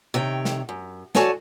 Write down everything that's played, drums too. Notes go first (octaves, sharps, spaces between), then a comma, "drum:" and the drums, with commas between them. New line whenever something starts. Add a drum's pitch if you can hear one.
C3 D#3 C#5 G5
drum: snare
F#2
F#4 A4 C#5 D5 G#5 A5, drum: snare